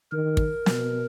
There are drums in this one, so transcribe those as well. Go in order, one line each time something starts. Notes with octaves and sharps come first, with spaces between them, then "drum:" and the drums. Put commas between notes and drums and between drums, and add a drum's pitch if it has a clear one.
D#3 A#4
drum: kick
B2, drum: snare